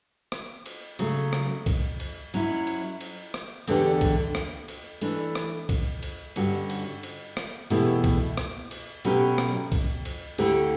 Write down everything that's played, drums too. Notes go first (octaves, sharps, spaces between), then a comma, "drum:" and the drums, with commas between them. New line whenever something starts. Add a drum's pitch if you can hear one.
drum: rim click
drum: cymbal
C#3 F#3 A3, drum: cymbal
drum: rim click
drum: kick C2, cymbal
drum: cymbal
F#3 C#4 E4, drum: cymbal
drum: cymbal
drum: cymbal
drum: rim click
E2 D3 A3 D4 G4, drum: cymbal
drum: kick C2, cymbal
drum: rim click
drum: cymbal
E3 A3 D4, drum: cymbal
drum: rim click
drum: kick C2, cymbal
drum: cymbal
G2 D3 G3 C#4 F#4, drum: cymbal
drum: cymbal
drum: cymbal
drum: rim click
E2 B2 A3 E4 G4, drum: cymbal
drum: kick C2, cymbal
drum: rim click
drum: cymbal
B2 F#3 A3 C#4 G4, drum: cymbal
drum: rim click
drum: kick C2, cymbal
drum: cymbal
D2 D3 A3 E4 G4, drum: cymbal